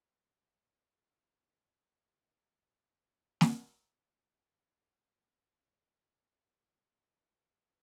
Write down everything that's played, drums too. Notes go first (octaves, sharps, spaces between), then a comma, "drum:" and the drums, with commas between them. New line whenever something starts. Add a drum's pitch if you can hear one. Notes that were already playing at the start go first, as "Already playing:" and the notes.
C5
D#3 F#3 E4 C6
F#4 B4 C5 D5
B4 D5 F5 A5 A#5 G6
drum: snare
G#2
G#1
C#4
C6
A5
C6
F4
G#5
G#6